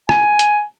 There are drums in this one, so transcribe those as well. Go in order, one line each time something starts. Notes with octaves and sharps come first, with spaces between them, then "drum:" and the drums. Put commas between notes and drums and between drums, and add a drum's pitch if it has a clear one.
G#5, drum: rim click
drum: hi-hat